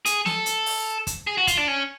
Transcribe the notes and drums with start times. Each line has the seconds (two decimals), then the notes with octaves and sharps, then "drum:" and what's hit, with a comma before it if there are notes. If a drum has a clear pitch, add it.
0.06 G#4, drum: hi-hat
0.26 A4, drum: snare
0.46 drum: hi-hat
0.66 drum: open hi-hat
1.07 drum: kick, hi-hat
1.27 G#4
1.38 F#4
1.47 F4, drum: kick, hi-hat
1.57 D4
1.68 C#4